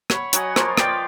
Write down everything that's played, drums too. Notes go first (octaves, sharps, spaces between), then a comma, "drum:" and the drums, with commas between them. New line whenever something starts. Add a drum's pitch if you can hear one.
C#5 F#5 B5, drum: rim click
F#3 D#5 F#5 G#5, drum: hi-hat
F3 A#3 F4, drum: rim click
B4 D5 F5 G5, drum: rim click